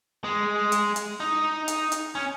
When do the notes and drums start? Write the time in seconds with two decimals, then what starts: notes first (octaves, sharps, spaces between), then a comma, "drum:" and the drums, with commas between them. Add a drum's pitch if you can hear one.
0.24 G#3
0.72 drum: hi-hat
0.96 drum: hi-hat
1.20 D#4
1.68 drum: hi-hat
1.92 drum: hi-hat
2.15 C#4